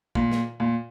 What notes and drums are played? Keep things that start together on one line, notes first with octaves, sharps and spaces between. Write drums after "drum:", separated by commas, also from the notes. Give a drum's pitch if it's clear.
A#2, drum: kick
drum: snare
A#2